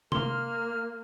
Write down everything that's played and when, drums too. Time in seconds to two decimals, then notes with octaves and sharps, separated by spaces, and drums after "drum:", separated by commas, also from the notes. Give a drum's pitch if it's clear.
0.12 A#3 C6 F6, drum: tom C3